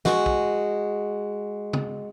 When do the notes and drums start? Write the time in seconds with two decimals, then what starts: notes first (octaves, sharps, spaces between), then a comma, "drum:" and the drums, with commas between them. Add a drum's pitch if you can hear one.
0.05 G#3 F#4, drum: snare
0.26 drum: kick
1.73 drum: tom